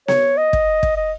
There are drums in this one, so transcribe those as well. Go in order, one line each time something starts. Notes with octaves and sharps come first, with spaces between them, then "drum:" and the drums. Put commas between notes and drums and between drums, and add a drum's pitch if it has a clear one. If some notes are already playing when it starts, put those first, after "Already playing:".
C#5, drum: snare B3
D#5
drum: kick
drum: kick
D#5